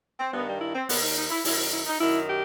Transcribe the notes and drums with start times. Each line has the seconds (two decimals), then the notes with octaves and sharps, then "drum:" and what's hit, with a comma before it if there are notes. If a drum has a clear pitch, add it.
0.20 C4
0.33 G2 D#3 B3
0.47 G3
0.61 E4
0.75 C4
0.89 D#2 D#3 B3, drum: open hi-hat
1.02 D#4
1.16 D#4
1.30 E4
1.45 F#2 D#3 E4, drum: open hi-hat
1.58 E4
1.73 E4
1.87 D#4
2.00 F#2 D#3 E4
2.27 G4